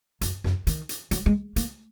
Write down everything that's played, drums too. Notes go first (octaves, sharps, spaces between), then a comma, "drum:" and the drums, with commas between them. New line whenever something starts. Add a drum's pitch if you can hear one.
F#2, drum: hi-hat
F#2, drum: snare
D#3, drum: hi-hat
drum: hi-hat
F#3, drum: hi-hat
G#3
A#3, drum: hi-hat